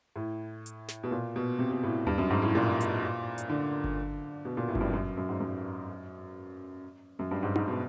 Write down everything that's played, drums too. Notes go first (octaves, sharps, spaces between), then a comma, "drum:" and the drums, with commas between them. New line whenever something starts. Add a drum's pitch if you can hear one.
A2
drum: hi-hat
drum: snare
B2
A#2
B2
C3
B2
A2
G2, drum: tom D#2
F#2
G#2
A2
A#2
drum: hi-hat
drum: hi-hat
D3
drum: kick G1
B2
A#2
A2
F#2, drum: kick G1
G2
F#2
F#2
G#2
F#2
F#2
G2
G#2
G#2, drum: tom D#4
B2